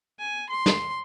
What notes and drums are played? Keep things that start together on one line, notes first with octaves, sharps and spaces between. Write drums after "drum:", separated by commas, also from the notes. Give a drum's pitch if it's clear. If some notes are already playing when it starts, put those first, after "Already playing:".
G#5
C6
drum: snare